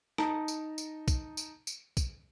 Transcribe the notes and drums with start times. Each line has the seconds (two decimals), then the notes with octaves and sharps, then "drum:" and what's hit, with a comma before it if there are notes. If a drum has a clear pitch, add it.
0.18 D#4 A5 A#5, drum: rim click
0.48 drum: tambourine
0.78 drum: tambourine
1.08 drum: kick, tambourine
1.37 drum: tambourine
1.67 drum: tambourine
1.97 drum: kick, tambourine